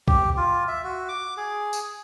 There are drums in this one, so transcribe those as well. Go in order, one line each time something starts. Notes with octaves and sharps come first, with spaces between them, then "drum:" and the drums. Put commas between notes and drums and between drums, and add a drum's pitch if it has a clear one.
G4, drum: kick
F4
E5
F#4
D6
G#4
drum: tambourine